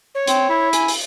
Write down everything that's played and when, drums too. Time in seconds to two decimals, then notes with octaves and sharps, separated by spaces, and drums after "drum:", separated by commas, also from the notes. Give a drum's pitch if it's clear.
0.15 C#5
0.27 C4, drum: hi-hat
0.49 E4
0.73 G#5, drum: hi-hat
0.88 drum: open hi-hat